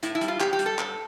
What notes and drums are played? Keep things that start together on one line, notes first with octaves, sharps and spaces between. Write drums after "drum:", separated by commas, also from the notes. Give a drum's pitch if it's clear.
A2 E4, drum: hi-hat
E4
G3, drum: hi-hat
F4
A2 G4, drum: clap
G4
G3, drum: hi-hat
A4
G2, drum: clap